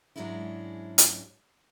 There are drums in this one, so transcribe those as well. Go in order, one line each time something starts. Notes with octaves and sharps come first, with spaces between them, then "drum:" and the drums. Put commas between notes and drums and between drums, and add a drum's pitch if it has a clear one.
G#2 F#3 G#3 C#4 D4 E4
drum: hi-hat